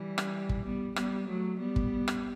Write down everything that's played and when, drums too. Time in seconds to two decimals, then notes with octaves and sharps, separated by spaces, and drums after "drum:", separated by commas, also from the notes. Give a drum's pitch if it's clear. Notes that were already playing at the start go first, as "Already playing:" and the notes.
Already playing: E3 G3
0.18 drum: rim click
0.49 drum: kick
0.65 G3 B3
0.96 G3 B3, drum: rim click
1.28 F#3 A3
1.60 G3 B3
1.76 drum: kick
2.08 drum: rim click